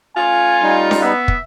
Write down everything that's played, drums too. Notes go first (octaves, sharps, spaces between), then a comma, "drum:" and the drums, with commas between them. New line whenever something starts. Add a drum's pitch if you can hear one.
A3 C#4 F4 G#5
G3 D#4
drum: snare C#4
B3 E5
drum: kick